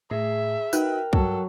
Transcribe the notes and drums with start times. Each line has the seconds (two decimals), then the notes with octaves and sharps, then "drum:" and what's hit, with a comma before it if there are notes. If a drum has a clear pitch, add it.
0.11 A2 G#4 E5
0.73 D#4 F#4 A#4 B4 G5 F#6, drum: tambourine
1.13 G2 F#3 A4, drum: kick